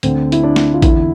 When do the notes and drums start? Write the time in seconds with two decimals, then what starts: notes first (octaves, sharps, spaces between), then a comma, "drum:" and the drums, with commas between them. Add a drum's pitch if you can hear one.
0.03 D2 D3 C4, drum: hi-hat
0.32 E4, drum: hi-hat
0.43 D4
0.56 drum: snare
0.73 F4
0.82 E2 D3 E4, drum: kick, hi-hat